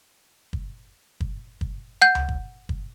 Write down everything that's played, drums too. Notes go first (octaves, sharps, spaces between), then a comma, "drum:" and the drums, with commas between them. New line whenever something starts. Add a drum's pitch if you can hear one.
drum: kick
drum: kick
drum: kick
F#5 G6
drum: tom C#2
drum: kick
drum: kick